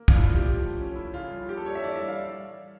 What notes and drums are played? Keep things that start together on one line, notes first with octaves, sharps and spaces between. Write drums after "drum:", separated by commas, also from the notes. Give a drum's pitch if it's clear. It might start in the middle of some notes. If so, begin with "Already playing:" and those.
Already playing: A#3
D4 F4, drum: kick
E4
F3 F4
G4
F3
A3
C#4
E4
C#3 F4
G3
A#3 G4
A4
D4 C#5
E5
E3 D5
E5
G3
F5